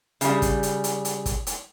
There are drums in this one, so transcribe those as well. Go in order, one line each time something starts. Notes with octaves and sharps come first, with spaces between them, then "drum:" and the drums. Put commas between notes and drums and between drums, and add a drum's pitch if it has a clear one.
C#3 G3, drum: hi-hat
drum: kick, hi-hat
drum: hi-hat
drum: hi-hat
drum: hi-hat
drum: kick, hi-hat
drum: hi-hat